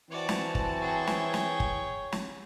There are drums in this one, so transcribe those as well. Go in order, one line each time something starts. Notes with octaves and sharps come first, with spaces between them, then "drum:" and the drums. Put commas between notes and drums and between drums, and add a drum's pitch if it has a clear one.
E3 C4 F#4 C#5 D5 A5
drum: snare
drum: kick G1
G#4 C#5 G5
drum: snare
drum: snare
drum: kick G1
drum: snare